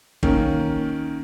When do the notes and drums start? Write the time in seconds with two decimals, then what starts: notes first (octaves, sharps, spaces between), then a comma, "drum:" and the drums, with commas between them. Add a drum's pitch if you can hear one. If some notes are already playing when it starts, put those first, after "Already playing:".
0.23 D#3 A#3 C#4, drum: kick G1